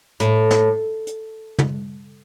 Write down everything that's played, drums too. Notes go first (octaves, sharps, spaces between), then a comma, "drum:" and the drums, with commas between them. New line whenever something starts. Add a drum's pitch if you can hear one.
A2, drum: hi-hat
drum: snare
drum: hi-hat
drum: tom